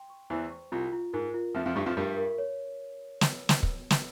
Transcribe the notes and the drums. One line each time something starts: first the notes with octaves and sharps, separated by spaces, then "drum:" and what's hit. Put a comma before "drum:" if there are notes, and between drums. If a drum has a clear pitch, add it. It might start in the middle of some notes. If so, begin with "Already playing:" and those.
Already playing: G5 C6
C#6
E2 E3 C5
C#6
C2 C3 F4
F4
G#2 A#4
F4
F2 F3 E5
F2 F3
G2 G3 C#6
F2 F3
G2 G3 A#4
A#4
C#5
drum: snare
drum: snare
drum: kick
drum: snare